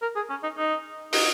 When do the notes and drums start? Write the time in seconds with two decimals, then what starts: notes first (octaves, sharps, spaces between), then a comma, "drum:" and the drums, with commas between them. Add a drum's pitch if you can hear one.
0.02 A#4
0.16 G#4
0.30 C#4
0.43 D#4
0.57 D#4
1.13 D#4, drum: open hi-hat